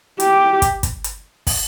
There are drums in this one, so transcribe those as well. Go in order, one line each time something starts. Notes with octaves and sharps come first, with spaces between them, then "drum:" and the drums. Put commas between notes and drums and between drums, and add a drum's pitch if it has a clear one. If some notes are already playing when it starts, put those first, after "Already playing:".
G4, drum: hi-hat
drum: kick, hi-hat
drum: kick, hi-hat
drum: hi-hat
drum: kick, open hi-hat